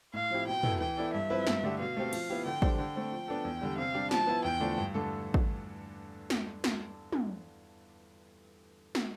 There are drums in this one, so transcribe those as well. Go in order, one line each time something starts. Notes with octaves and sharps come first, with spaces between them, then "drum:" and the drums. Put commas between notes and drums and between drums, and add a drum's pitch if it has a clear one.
A2 F5
F3 C4 E4 G4
B2 G5
B3 E4 A4, drum: tom
E3 G5
B3 E4 A4 D5
G2 E5
F3 C4 E4 B4
G2, drum: snare
D3 A3 D4 G4
B2 F5
A3 C4 G4
F3, drum: cymbal
B3 E4 G4
D3 G5
G3 D4 A4 C5, drum: kick
D3 G5
A3 C4
F3
B3 D4 A4
E2
D3 G3
C3 F5
G3 D4 G4
F3 A5, drum: snare
B3 E4
E2 G5
D3 F3 A3 D4
G2
D3 A3 D4 A4
drum: kick
drum: snare
drum: snare
drum: tom
drum: snare